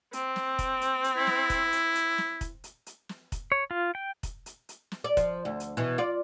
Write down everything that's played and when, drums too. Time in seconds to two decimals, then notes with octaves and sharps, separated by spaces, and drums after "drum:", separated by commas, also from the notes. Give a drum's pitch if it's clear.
0.13 C4, drum: hi-hat
0.36 drum: snare
0.59 drum: kick, hi-hat
0.81 drum: hi-hat
1.04 drum: hi-hat
1.17 E4
1.27 drum: snare
1.50 drum: kick, hi-hat
1.73 drum: hi-hat
1.95 drum: hi-hat
2.18 drum: snare
2.41 drum: kick, hi-hat
2.64 drum: hi-hat
2.86 drum: hi-hat
3.09 drum: snare
3.32 drum: kick, hi-hat
3.52 C#5
3.71 F4
3.95 G5
4.23 drum: kick, hi-hat
4.46 drum: hi-hat
4.69 drum: hi-hat
4.92 drum: snare
5.04 D5
5.17 F3, drum: kick, hi-hat
5.45 D2
5.60 drum: hi-hat
5.77 B2 E3
5.98 F4 D5